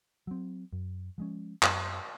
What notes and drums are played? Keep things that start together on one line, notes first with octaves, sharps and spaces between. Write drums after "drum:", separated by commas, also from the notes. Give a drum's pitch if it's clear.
F#3 C4
F#2
F3 G#3 C#4
F#2, drum: clap